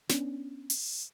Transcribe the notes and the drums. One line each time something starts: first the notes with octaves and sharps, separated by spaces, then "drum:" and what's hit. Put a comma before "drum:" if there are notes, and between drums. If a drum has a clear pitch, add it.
B3 C#4 D4, drum: snare
drum: open hi-hat